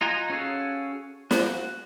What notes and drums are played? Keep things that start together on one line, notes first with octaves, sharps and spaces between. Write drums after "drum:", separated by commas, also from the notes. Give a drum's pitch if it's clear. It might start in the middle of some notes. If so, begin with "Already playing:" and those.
D#4 F4 F#4 G#5 A#5
C#4 F#4 G#4 A4 F5
F#4, drum: snare